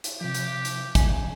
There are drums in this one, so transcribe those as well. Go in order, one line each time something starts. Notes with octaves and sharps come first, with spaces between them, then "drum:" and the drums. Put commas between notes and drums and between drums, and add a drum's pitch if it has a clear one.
drum: hi-hat
C3 F3 G4
drum: hi-hat
drum: hi-hat
G#5, drum: kick, hi-hat